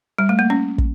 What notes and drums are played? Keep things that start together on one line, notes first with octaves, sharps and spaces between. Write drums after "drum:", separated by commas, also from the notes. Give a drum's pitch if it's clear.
G3
A3
A#3
C#4
drum: kick